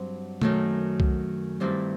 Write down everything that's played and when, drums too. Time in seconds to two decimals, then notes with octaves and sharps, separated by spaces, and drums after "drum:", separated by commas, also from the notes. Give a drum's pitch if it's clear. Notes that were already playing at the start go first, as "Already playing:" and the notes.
Already playing: G2 F#3 C4 C5
0.42 F#2 D#3 A3, drum: tom B2
1.00 drum: kick C2
1.60 G2 D#3 G3 C4 E4